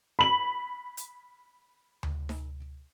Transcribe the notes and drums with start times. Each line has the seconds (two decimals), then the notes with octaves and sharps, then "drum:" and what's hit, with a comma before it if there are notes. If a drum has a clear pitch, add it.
0.19 B5 F#7
0.97 drum: hi-hat
2.03 drum: tom D2
2.29 drum: snare D#4